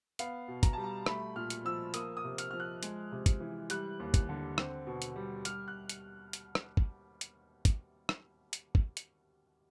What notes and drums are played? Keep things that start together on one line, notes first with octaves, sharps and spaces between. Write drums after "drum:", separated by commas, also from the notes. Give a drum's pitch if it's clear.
B3 F5, drum: hi-hat
B2
A#5, drum: kick, hi-hat
G3 A5
A#5
A3 B5, drum: rim click
A#2 F6
drum: hi-hat
F3 E6
A#3 D#6, drum: hi-hat
D#6
C3
F6, drum: hi-hat
F3 F6
F#6
G#3, drum: hi-hat
C3
drum: kick, hi-hat
E3
G3 F#6, drum: hi-hat
D#2
drum: kick, hi-hat
D3
C4, drum: rim click
B2
drum: hi-hat
G3
G3 F6, drum: hi-hat
F#6
drum: hi-hat
drum: hi-hat
drum: rim click
drum: kick
drum: hi-hat
drum: kick, hi-hat
drum: rim click
drum: hi-hat
drum: kick
drum: hi-hat